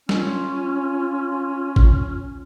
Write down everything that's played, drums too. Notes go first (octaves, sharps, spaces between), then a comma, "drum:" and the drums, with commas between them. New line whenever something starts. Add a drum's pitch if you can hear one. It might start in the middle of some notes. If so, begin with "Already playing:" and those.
C#4 F4, drum: snare
drum: kick